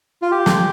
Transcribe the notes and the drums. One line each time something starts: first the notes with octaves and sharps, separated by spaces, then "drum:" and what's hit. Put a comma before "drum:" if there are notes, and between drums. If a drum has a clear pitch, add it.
F4
G4
drum: snare